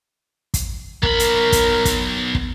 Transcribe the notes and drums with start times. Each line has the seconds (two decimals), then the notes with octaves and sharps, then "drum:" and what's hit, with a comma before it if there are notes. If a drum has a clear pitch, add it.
0.54 drum: kick, hi-hat
1.03 B1 A#4 B5, drum: kick
1.19 drum: hi-hat
1.52 drum: kick, hi-hat
1.85 drum: kick, hi-hat
2.35 drum: kick